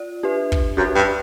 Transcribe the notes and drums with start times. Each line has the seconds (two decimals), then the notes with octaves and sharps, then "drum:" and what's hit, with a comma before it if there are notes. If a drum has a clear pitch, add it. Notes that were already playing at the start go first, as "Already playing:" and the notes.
Already playing: F4 D5
0.23 D4 G4 B4 E5
0.52 drum: kick
0.77 F#2 D4 G4 B4 E5
0.95 G2